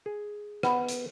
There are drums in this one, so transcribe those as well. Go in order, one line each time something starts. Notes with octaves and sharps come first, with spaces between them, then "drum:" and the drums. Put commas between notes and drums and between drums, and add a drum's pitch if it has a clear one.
G#4
B3, drum: rim click
drum: hi-hat